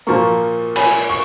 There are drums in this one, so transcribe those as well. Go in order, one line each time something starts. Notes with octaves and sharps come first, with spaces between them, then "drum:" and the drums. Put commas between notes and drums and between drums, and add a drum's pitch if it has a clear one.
A#2 F3 A#3 A#5 C#6
G#5 B5, drum: cymbal
C#6